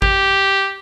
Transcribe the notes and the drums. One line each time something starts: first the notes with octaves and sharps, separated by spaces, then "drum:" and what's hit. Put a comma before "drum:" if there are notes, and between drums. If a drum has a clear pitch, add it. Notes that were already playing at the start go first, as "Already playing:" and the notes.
G4, drum: kick G#1